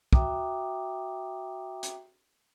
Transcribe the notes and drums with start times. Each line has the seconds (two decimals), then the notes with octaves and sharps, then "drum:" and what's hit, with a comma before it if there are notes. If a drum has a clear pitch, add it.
0.13 F#4 E5 G5 A#5 D6 D#6, drum: kick
1.83 drum: hi-hat